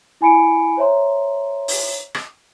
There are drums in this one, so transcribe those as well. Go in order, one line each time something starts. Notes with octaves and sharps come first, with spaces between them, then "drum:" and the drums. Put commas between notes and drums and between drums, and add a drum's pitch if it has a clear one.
E4 G#5 B5 C#7 D7
C5 C#5 E5 A#5 C6
drum: open hi-hat
drum: rim click